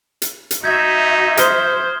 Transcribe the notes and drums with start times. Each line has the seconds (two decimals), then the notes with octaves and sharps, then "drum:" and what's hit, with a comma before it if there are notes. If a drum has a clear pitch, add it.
0.22 drum: hi-hat
0.51 drum: hi-hat
0.64 D#4 F#4 E5 G6 G#6
1.37 C5 D#6 F6 G7, drum: hi-hat